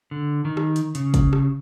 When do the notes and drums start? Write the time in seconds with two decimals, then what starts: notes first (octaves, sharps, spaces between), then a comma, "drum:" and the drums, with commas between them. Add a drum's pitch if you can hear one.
0.11 D3
0.45 D#3
0.57 drum: rim click
0.76 drum: hi-hat
0.95 C#3, drum: hi-hat
1.14 drum: kick, hi-hat
1.33 drum: rim click